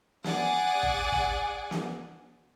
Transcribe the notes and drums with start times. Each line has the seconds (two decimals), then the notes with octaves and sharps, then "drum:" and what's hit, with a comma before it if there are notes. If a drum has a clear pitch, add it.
0.24 G#4 D5 F#5 G#5, drum: snare
0.83 drum: kick
1.12 drum: kick
1.71 drum: snare